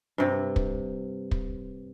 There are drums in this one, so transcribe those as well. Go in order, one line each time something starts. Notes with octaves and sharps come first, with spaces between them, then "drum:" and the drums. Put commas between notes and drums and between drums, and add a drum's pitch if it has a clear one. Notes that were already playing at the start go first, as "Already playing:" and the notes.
G2 C3
drum: kick
drum: kick